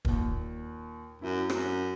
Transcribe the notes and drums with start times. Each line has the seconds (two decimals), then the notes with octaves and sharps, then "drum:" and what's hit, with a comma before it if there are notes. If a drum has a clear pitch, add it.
0.05 D#2 A#2, drum: kick
1.22 F#2 E4
1.50 F#2, drum: rim click